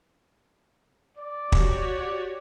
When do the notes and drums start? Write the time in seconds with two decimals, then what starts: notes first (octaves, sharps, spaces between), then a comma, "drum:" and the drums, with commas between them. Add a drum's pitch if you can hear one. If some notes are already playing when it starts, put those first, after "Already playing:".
1.18 D5
1.52 F#4 G4 C#5, drum: kick